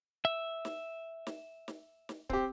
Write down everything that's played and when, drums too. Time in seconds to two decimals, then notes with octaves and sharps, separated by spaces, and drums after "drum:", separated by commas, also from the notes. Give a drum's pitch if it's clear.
0.25 E5
0.65 drum: snare
1.27 drum: snare
1.68 drum: snare
2.09 drum: snare
2.30 C4 G4, drum: kick C#1